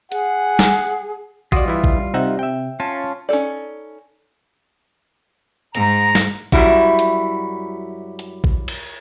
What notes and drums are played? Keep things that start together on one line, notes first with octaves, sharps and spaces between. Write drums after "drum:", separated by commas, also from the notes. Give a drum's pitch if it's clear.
G#4 F#5, drum: hi-hat
drum: snare
G3 F4 F#4 D5 D#5, drum: kick A#1
E3 E4
drum: kick A#1
C3 D#4 E5 F#5
E5 G5
C#4 F4 A5
C#4 D#4 A4 D5
G#2 A#5, drum: hi-hat
drum: snare
F#2 G3 E4 F#4, drum: kick A#1
drum: hi-hat
drum: hi-hat
drum: kick A#1
drum: cymbal